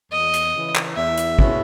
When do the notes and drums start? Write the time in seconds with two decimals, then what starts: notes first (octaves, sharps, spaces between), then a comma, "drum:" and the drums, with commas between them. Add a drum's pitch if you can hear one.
0.12 E2 D#5
0.34 drum: hi-hat
0.54 C#3 E3
0.75 drum: clap
0.96 E2 E5
1.17 drum: hi-hat
1.39 B2 G#3 C#4 E4, drum: kick